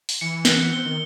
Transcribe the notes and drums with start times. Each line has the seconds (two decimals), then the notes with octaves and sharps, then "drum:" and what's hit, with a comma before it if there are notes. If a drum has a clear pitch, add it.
0.09 drum: open hi-hat
0.21 E3 C#7
0.45 B3 F#6, drum: snare
0.73 C4 G7
0.85 D#3